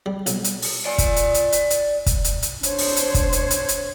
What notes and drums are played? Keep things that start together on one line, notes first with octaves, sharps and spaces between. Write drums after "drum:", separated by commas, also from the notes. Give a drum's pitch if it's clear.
G3
B1, drum: hi-hat
drum: hi-hat
drum: open hi-hat
D5 G#5
drum: kick, hi-hat
drum: hi-hat
drum: hi-hat
drum: hi-hat
drum: hi-hat
drum: kick, hi-hat
drum: hi-hat
drum: hi-hat
D4 C5 C#5, drum: hi-hat
drum: open hi-hat
drum: hi-hat
drum: kick, hi-hat
drum: hi-hat
drum: hi-hat
drum: hi-hat